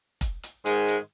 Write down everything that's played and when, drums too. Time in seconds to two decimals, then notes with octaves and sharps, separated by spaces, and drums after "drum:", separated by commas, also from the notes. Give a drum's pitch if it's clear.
0.21 drum: kick F1, hi-hat
0.43 drum: hi-hat
0.66 G#2 D#3 G#3, drum: hi-hat
0.88 drum: hi-hat